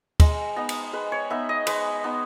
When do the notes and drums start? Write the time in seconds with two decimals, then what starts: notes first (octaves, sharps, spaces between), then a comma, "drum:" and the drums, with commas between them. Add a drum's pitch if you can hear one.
0.20 G#3 A#5, drum: kick, cymbal
0.56 B3 D#4 A#5
0.69 drum: cymbal
0.93 G#3 B4
1.12 C#5
1.30 B3 D#4 E5
1.49 D#5
1.67 G#3 B4, drum: cymbal
2.04 B3 D#4